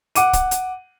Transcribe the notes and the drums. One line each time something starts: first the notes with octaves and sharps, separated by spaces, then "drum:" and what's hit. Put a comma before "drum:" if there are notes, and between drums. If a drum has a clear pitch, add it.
F#5 D6 D#7, drum: hi-hat
drum: kick, hi-hat
drum: hi-hat